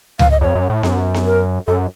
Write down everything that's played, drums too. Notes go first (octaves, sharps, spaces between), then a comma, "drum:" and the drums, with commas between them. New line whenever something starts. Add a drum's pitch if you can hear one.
F5, drum: tom C#2
D#5
F2 C#5
F#2
A2
F#2, drum: snare B3
drum: snare B3
A#4
F#2 A4